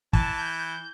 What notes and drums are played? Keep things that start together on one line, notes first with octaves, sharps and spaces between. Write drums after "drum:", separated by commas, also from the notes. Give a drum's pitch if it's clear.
E3 A5, drum: kick
G6